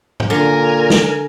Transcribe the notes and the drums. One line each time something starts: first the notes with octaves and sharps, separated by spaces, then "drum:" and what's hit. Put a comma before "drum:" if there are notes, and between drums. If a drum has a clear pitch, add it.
drum: tom G#2
A#2 D3 A#4 G#5
drum: snare